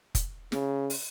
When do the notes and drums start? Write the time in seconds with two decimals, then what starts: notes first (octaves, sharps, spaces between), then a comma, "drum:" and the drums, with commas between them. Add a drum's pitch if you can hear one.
0.15 drum: kick F1, hi-hat
0.52 C#3, drum: snare
0.90 drum: open hi-hat